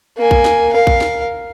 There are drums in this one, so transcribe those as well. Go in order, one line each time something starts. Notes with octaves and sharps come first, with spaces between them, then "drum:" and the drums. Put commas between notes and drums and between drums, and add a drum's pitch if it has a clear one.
A#3 G#5
drum: kick
drum: snare
A#4 F5
drum: kick
drum: snare